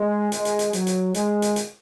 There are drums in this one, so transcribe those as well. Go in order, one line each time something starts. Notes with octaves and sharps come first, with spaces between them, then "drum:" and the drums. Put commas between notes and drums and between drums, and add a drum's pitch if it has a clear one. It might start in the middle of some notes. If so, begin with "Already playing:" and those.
Already playing: G#3
G#3, drum: hi-hat
drum: hi-hat
drum: hi-hat
F#3, drum: hi-hat
drum: hi-hat
G#3, drum: hi-hat
drum: hi-hat
drum: hi-hat